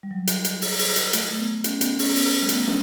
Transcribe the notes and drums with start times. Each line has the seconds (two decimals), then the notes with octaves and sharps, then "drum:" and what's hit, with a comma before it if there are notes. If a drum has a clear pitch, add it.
0.03 G3
0.11 F#3
0.27 drum: hi-hat
0.45 drum: hi-hat
0.62 drum: open hi-hat
0.79 drum: open hi-hat
0.96 drum: hi-hat
1.13 A3, drum: hi-hat
1.39 B3
1.64 C#4, drum: hi-hat
1.81 B3, drum: hi-hat
1.99 C#4, drum: open hi-hat
2.15 B3, drum: open hi-hat
2.28 A3
2.42 G3
2.49 A3, drum: hi-hat
2.53 B3
2.67 C#4, drum: snare